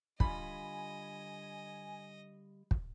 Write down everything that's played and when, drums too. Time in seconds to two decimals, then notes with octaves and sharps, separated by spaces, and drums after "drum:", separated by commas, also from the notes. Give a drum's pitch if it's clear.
0.20 D3 G3 F4 D#5 G#5 B5, drum: kick
2.71 drum: kick